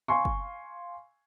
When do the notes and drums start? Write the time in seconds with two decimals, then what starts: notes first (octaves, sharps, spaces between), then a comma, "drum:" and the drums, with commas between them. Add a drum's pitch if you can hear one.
0.08 F5 G#5 C6 C#6
0.25 drum: kick F#1